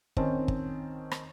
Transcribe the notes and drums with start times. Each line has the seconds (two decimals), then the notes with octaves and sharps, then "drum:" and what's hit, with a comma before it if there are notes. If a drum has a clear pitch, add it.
0.17 D#3 C4 C#4 D#4 A5, drum: kick G1
0.48 drum: kick G1
1.11 drum: rim click